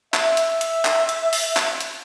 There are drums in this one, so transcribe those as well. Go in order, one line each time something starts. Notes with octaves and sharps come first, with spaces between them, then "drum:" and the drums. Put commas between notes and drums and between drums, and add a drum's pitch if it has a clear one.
E5, drum: clap
drum: hi-hat
drum: hi-hat
drum: clap
drum: hi-hat
drum: open hi-hat
drum: clap
drum: hi-hat